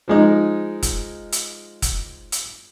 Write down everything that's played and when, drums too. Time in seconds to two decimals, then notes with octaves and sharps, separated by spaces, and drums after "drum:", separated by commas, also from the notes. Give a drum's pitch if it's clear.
0.08 F3 G#3 D#4
0.83 drum: kick F1, hi-hat
1.32 drum: hi-hat
1.82 drum: kick F1, hi-hat
2.32 drum: hi-hat